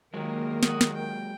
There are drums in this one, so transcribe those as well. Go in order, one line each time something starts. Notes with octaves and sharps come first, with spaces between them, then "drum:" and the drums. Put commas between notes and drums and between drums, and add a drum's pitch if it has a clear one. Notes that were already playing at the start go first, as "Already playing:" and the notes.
D#3 F#3 G#3 A#3 G#4 A#4
F#4 D#6, drum: snare
drum: snare
G5